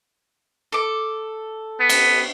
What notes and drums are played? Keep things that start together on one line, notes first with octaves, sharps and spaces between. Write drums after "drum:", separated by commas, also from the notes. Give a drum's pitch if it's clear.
A4 D6
B3
drum: cymbal